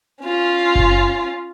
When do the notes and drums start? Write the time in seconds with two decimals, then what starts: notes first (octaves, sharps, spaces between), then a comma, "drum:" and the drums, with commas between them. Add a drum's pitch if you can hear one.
0.23 C#4 F4
0.75 drum: kick F#1